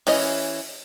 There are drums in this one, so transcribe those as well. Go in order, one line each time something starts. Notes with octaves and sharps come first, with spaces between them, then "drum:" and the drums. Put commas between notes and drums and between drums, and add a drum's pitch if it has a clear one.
E3 C#4 D#5, drum: open hi-hat